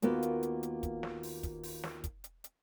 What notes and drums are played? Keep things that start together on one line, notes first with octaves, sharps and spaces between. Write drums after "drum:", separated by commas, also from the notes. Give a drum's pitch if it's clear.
D#2 A#3 B3 F4 F#4, drum: hi-hat
drum: hi-hat
drum: hi-hat
drum: hi-hat
drum: kick, hi-hat
drum: snare
drum: open hi-hat
drum: kick, hi-hat
drum: open hi-hat
drum: snare
drum: kick, hi-hat
drum: hi-hat
drum: hi-hat